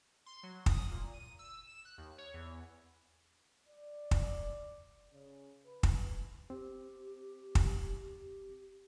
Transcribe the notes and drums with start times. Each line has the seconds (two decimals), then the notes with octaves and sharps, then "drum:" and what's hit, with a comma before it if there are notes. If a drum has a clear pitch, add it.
0.26 C6
0.43 F#3
0.66 D#6, drum: kick
0.91 A#2
1.14 D#7
1.39 E6
1.67 E7
1.85 F#6
1.98 D#2
2.18 C#5
2.34 E2
3.68 D5
4.11 drum: kick
5.12 C#3
5.65 B4
5.83 drum: kick
6.50 C4 G4
7.55 drum: kick